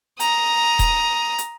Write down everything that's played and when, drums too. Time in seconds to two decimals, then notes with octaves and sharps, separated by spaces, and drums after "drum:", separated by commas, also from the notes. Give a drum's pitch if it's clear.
0.20 A#5 D#6, drum: hi-hat
0.79 drum: kick D#1, hi-hat
1.38 drum: hi-hat